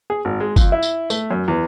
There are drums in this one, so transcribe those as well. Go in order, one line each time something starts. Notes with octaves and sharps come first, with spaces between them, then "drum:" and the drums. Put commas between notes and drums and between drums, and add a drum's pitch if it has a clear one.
G#4
G#1
G#3
F2, drum: kick G1, tambourine
E4
drum: tambourine
A3, drum: tambourine
F#2
E2